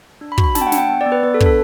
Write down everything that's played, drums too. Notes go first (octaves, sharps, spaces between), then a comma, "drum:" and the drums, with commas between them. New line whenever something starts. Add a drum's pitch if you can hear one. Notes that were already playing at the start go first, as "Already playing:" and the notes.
D4
B5
F#4, drum: kick
B5
D4 A5, drum: snare
G5
F#5
D4, drum: snare
G5
B3
D5
B3
B4
B3 B4
A4
D4, drum: kick
A4